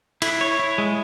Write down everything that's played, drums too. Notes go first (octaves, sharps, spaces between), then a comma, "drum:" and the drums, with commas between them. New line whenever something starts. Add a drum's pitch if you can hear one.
E4, drum: cymbal
C#5
E4
G#3